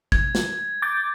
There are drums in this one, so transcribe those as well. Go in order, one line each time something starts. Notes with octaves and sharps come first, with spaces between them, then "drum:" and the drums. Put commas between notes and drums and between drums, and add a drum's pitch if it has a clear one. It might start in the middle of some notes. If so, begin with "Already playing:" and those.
G#6, drum: kick
drum: snare
D6 G6 A6